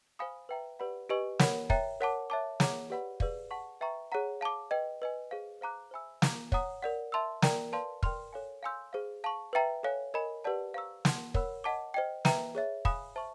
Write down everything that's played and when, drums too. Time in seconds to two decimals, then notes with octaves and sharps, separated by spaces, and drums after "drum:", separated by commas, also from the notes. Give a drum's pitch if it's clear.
0.19 C5 F5 G#5 B5 D#6
0.49 B4 E5 G5 A#5
0.79 G4 B4 D5 F#5 B5
1.10 G4 B4 D#5 G#5 C#6
1.39 A#4 C#5 F#5 B5, drum: snare
1.70 C#5 E5 G5 A#5, drum: kick
2.01 A#4 C#5 F#5 A5 D6
2.30 C#5 E5 A5 D6
2.60 G#4 C#5 F#5 A#5 D6, drum: snare
2.90 G4 B4 D5 F#5 B5
3.20 G#4 B4 D5 F5, drum: kick
3.51 F#5 A5 C#6
3.81 B4 E5 G5 A#5 C#6
4.12 G#4 C#5 F#5 A#5
4.41 F5 A5 D6
4.71 B4 D#5 G5
5.02 B4 D#5 G#5
5.31 G#4 C5 F5
5.61 C5 F5 A#5 D6 F#6
5.91 C5 E5 G#5 B5 E6
6.22 F5 A#5 D6 G6, drum: snare
6.52 C#5 F#5 A#5 D#6, drum: kick
6.82 A#4 D5 F#5
7.12 E5 A5 C6 E6
7.42 A#4 D5 G5 A#5, drum: snare
7.72 B4 D5 F5 A5 C6
8.03 A#4 D5 G5 C6 F6, drum: kick
8.33 A4 C#5 F5 G#5
8.63 F5 G#5 C6 E6 G6
8.93 G#4 C5 F5
9.24 F5 A5 C#6
9.53 B4 E5 G5 A#5
9.83 A4 C#5 F5 G#5
10.14 A#4 D#5 G#5 B5
10.44 G4 B4 D5 F#5 A5
10.74 C5 F5 A#5 C#6 E6
11.05 F#5 A5 C6, drum: snare
11.34 A#4 C#5 F#5 B5 E6, drum: kick
11.64 D#5 F#5 A5 D6
11.94 C5 D#5 G5
12.25 B4 E5 G5 A#5, drum: snare
12.55 G#4 C#5 E5
12.85 F5 G#5 B5 D#6 F#6, drum: kick
13.16 C5 E5 A5 C#6